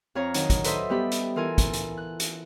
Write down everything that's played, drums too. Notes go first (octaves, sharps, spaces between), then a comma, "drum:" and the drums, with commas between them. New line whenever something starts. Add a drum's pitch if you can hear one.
F2 C#5 F5 A#5
D#3 F#3 D#4, drum: hi-hat
drum: kick, hi-hat
A4 B4 C5 D#5 E5, drum: hi-hat
G3 B3 G4 B5
drum: hi-hat
E3 F4 A4 A#4 G#5
drum: kick, hi-hat
drum: hi-hat
F#6
drum: hi-hat